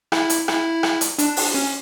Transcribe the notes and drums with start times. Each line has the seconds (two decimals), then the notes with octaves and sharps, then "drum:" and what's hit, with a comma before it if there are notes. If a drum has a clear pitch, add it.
0.12 E4, drum: rim click
0.30 drum: hi-hat
0.48 E4, drum: rim click
0.83 drum: rim click
1.01 drum: hi-hat
1.19 D4, drum: hi-hat
1.37 drum: open hi-hat
1.54 C#4